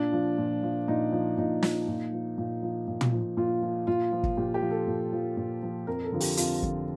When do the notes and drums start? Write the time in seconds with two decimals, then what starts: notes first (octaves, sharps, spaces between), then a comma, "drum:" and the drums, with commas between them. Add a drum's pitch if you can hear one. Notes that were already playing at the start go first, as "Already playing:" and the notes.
Already playing: A#2 D4
0.13 F3
0.38 A#2
0.63 F3
0.88 A#2 D#4
1.12 F3
1.38 A#2 D#4
1.63 F3, drum: snare
1.88 A#2
2.13 F3
2.38 A#2
2.63 F3
2.88 A#2
3.01 drum: tom
3.13 F3
3.37 A#2 F4
3.63 F3
3.87 A#2 F4
4.12 F3
4.23 drum: kick
4.37 A#2 G4
4.54 G4
4.62 F3
4.71 A4
4.87 A#2
5.13 F3
5.37 A#2
5.63 F3
5.87 F2 A#4
6.04 A4
6.12 D3 F3
6.20 G4, drum: open hi-hat
6.37 F2 F4, drum: hi-hat
6.62 D3 F3, drum: kick